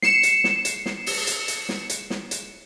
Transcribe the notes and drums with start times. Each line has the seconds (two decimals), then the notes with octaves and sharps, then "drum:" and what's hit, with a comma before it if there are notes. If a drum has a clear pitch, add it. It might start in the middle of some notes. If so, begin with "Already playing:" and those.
0.02 C7 C#7 E7, drum: snare
0.23 drum: hi-hat
0.44 drum: snare
0.65 drum: hi-hat
0.86 drum: snare
1.06 drum: open hi-hat
1.27 drum: hi-hat
1.48 drum: hi-hat
1.69 drum: snare
1.90 drum: hi-hat
2.10 drum: snare
2.31 drum: hi-hat